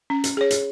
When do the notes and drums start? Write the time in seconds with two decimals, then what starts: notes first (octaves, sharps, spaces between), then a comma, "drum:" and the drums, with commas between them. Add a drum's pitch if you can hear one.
0.10 C#4
0.24 drum: hi-hat
0.37 G#4 C#5
0.50 drum: hi-hat